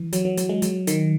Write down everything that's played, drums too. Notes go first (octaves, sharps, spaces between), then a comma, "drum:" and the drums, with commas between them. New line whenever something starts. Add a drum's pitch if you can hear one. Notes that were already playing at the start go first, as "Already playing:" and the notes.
Already playing: E3
F#3, drum: hi-hat
F#3
F#3, drum: hi-hat
G#3
F#3, drum: hi-hat
D#3, drum: hi-hat